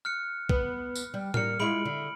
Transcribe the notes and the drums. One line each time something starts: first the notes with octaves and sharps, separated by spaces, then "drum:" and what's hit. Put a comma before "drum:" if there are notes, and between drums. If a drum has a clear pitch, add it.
F6 F#6 C#7
B3, drum: kick B1
drum: tambourine
G3
G3 A#3 F6 C#7, drum: tom A2
G#3 E4 F4 B5 D7 F#7
D3